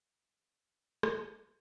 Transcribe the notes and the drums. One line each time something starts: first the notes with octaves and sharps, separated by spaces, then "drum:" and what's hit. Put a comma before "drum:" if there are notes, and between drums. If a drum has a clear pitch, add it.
E4 B4 D6 F#6
drum: rim click